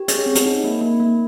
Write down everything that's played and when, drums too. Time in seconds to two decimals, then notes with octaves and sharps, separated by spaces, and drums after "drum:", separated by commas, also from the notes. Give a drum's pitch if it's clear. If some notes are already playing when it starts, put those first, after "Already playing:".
Already playing: G4
0.08 G#4 C#5, drum: hi-hat
0.26 C4
0.35 drum: hi-hat
0.46 D#4
0.64 A#3
0.81 A#3
1.00 A#3